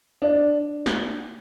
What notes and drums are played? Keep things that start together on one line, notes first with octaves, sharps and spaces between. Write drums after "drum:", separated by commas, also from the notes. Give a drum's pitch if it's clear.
D4
drum: snare